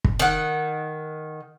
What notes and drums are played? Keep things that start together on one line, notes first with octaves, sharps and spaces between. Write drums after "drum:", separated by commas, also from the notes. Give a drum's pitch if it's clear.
drum: kick
D#3 F#5